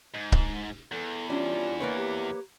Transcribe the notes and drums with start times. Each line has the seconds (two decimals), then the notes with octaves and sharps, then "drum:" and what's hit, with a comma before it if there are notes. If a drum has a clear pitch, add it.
0.15 G#2
0.32 drum: kick C#1
0.91 E2 A4
1.30 G3 C#4 D4 F4
1.80 A#3 B4 C#5 D5
1.96 G4